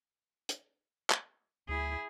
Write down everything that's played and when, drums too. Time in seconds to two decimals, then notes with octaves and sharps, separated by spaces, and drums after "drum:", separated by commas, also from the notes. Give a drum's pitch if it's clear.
0.49 drum: hi-hat
1.10 drum: clap
1.69 D2 E4 G#4